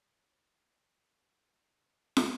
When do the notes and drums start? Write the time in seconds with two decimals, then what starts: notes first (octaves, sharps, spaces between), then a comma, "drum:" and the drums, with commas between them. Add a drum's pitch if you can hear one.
0.09 C#5
0.24 D#3
0.33 E5
0.40 C#3 D#5
0.56 B2
0.62 C#5
0.72 B2 A#4
0.82 B4
1.03 B4
1.35 B4
1.66 C#5
1.87 E5
2.17 drum: snare